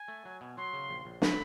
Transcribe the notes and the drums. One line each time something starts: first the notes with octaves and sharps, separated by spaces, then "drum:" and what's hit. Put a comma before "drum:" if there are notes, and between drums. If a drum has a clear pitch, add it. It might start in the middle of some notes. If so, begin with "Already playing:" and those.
Already playing: G#5
A3
F#3
B2
F#3 C6
C#3
A#1
A#1
F#3 B5, drum: snare